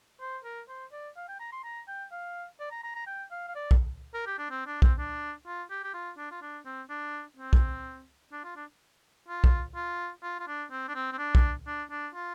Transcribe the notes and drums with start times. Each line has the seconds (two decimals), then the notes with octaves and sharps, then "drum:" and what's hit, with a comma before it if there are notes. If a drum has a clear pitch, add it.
0.21 C5
0.44 A#4
0.69 C5
0.92 D5
1.16 F5
1.28 G5
1.40 A#5
1.52 C6
1.64 A#5
1.88 G5
2.12 F5
2.60 D5
2.71 A#5
2.84 A#5
2.95 A#5
3.07 G5
3.31 F5
3.48 F5
3.55 D5
3.71 drum: kick
4.14 A#4
4.27 G4
4.38 D4
4.50 C4
4.67 D4
4.82 C4, drum: kick
4.98 D4
5.46 F4
5.70 G4
5.84 G4
5.94 F4
6.18 D4
6.31 F4
6.41 D4
6.65 C4
6.89 D4
7.37 C4
7.53 drum: kick
8.32 D4
8.44 F4
8.56 D4
9.28 F4
9.44 drum: kick
9.75 F4
10.23 F4
10.40 F4
10.47 D4
10.71 C4
10.88 D4
10.95 C4
11.12 C4
11.18 D4
11.35 drum: kick
11.67 D4
11.91 D4
12.14 F4